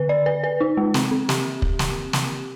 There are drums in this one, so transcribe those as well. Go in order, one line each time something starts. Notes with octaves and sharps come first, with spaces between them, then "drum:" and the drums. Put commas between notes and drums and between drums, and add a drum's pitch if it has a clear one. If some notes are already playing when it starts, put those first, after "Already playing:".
Already playing: D3 B4
D5
B4
B4
D#4
G#3
C4, drum: snare
C4
G4, drum: snare
drum: kick
drum: snare
drum: snare